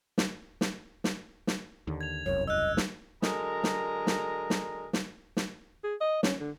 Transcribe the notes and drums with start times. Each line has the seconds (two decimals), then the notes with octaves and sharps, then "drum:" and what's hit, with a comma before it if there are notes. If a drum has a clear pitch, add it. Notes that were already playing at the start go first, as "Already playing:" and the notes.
0.18 drum: snare
0.61 drum: snare
1.04 drum: snare
1.47 drum: snare
1.87 D#2 D3
2.01 G#6 F7
2.26 E1 C2 F#2 C#5
2.47 D#5 E6 F#6
2.77 drum: snare
3.22 D3 F#3 G#3 A#4 A#5, drum: snare
3.64 drum: snare
4.07 drum: snare
4.50 drum: snare
4.93 drum: snare
5.37 drum: snare
5.84 G#4
6.01 D#5
6.23 C#4, drum: snare
6.41 D3